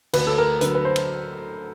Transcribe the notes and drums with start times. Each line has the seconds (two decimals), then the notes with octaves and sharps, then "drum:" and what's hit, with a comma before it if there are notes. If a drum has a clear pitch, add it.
0.13 D2 B4, drum: cymbal
0.27 A4
0.38 A#4
0.61 D3 F#3 B4, drum: hi-hat
0.75 B4
0.85 C5
0.96 drum: cymbal